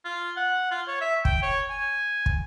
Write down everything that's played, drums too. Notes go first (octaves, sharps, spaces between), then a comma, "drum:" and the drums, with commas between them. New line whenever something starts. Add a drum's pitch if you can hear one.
F4
F#5
F4
C#5
E5
G5, drum: kick
C#5
G#5
drum: kick